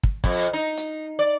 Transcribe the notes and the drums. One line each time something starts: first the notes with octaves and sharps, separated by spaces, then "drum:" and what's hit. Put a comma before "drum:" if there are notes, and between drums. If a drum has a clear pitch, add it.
drum: kick
F2, drum: kick
D#4
drum: hi-hat
D5